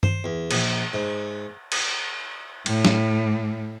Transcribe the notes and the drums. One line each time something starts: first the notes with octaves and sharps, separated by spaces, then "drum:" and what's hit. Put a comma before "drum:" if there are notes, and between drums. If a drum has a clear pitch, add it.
C5, drum: tom G2
E2
A#1, drum: cymbal
G#2
drum: cymbal
A2, drum: cymbal
drum: snare